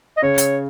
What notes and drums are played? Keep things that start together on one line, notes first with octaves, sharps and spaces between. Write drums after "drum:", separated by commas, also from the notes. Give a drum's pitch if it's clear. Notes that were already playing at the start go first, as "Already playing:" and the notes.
D#5
C#3 C#5
drum: hi-hat